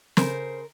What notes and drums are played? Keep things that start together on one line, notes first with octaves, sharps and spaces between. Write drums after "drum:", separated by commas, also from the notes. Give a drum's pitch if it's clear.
C#3 A#4 C5, drum: snare